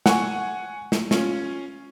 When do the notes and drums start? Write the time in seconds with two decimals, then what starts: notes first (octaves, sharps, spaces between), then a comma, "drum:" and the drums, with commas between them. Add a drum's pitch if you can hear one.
0.06 F#5 G#5 C#6, drum: snare
0.92 drum: snare
1.11 C#4 F4, drum: snare